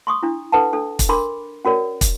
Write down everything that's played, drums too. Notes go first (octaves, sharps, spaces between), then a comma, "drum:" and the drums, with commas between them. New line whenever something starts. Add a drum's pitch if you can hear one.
C6 C#6 D#6
D4 E4
D4 A4 B4 F#5 A5
D4 A4
drum: kick, hi-hat
D4 A#4 B5 C6 D6
C#4 F#4 A#4 C#5 D5
drum: kick, hi-hat